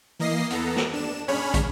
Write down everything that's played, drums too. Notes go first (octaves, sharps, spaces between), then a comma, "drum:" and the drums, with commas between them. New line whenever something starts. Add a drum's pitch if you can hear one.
E3 A#3 D#5 A#6 C7
E2 B3 A4 A#5, drum: hi-hat
drum: snare
D4 E7
C#4 D4 G#4 C#5 B5 F6, drum: tom
drum: kick, hi-hat